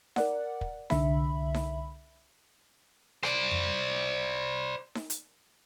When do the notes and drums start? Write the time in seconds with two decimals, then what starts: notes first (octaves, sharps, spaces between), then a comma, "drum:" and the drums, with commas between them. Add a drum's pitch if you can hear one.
0.16 A#4 D5 F#5, drum: snare D#4
0.61 drum: kick
0.90 C2 D3 E5 B5, drum: snare D#4
1.54 drum: snare D#4
3.23 C5 D5, drum: rim click
3.51 drum: tom F2
4.95 drum: snare D#4
5.10 drum: hi-hat